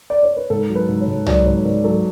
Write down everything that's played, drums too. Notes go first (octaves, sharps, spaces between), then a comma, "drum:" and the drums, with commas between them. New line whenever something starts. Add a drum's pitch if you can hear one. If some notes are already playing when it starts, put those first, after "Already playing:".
D5
C#5
B4
G#2 A4
F#3
B4
G#2
C#5
G#2
F#3 D5, drum: tom
G#2 C#5
G#2 B4
F#3 A4